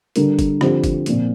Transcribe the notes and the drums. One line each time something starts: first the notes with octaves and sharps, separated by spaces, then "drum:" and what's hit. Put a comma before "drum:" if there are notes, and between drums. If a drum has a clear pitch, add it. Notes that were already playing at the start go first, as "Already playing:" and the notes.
D3 G3 D4 A#4, drum: hi-hat
drum: kick G1, hi-hat
D3 F3 C4 G4 C5, drum: rim click
drum: kick G1, hi-hat
A#2 F3 C4, drum: hi-hat